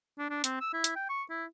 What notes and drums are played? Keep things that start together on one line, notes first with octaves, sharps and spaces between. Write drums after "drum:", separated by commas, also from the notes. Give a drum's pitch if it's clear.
D4
D4
C4, drum: hi-hat
E6
E4
drum: hi-hat
G5
C#6
E4